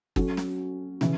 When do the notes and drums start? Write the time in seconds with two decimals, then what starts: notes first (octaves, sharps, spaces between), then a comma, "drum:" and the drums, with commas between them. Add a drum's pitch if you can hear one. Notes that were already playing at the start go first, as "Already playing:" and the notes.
0.16 F#3 C#4 F#4 A4, drum: kick G1
0.37 drum: snare
1.01 C#3 E3, drum: snare